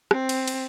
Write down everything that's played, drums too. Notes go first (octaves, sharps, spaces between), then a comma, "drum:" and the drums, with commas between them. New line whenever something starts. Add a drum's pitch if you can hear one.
C4, drum: rim click
drum: cymbal
drum: cymbal